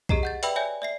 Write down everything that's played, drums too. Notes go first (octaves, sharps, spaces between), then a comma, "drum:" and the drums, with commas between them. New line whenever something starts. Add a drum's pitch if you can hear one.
G4 G#4 D#5 A#5 C7, drum: kick B1
F#5 G6 A6
B4 D5 E5 G5 B5 E6, drum: hi-hat
C#5 D5 E5 G#5 G6
D5 E5 C7